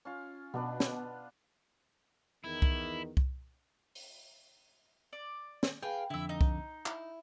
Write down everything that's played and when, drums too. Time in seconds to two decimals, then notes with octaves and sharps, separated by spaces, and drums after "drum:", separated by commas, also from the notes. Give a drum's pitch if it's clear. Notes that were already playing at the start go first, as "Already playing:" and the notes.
0.05 C#4 F4 F5
0.54 B2 B3 D4 B4
0.80 drum: snare
2.44 E2 D#3 E4
2.62 drum: kick C2
3.17 drum: kick C2
3.95 drum: open hi-hat
5.13 D5
5.63 drum: snare
5.82 G#4 B4 F5 G5
6.10 F2 D3 E4 E5
6.29 D#4
6.41 drum: kick C2
6.86 E4, drum: clap